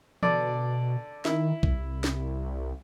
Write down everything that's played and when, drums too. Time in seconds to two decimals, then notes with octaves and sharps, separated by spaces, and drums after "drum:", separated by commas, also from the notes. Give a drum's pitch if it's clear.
0.23 B2 D3 D5, drum: tom E3
1.25 D#3 E4, drum: snare
1.63 C2, drum: kick
2.04 drum: snare